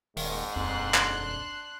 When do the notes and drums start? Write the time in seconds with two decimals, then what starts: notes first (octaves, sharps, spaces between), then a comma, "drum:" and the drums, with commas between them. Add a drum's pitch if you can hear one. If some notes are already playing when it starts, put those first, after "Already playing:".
0.17 D#1 G#2 D#3, drum: open hi-hat
0.56 D#1 F2 D4 C6 F#6
0.94 drum: clap